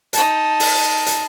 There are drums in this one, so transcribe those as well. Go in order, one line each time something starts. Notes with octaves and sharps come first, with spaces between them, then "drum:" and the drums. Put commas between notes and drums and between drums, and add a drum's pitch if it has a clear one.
D#4 A5, drum: hi-hat
drum: open hi-hat
drum: hi-hat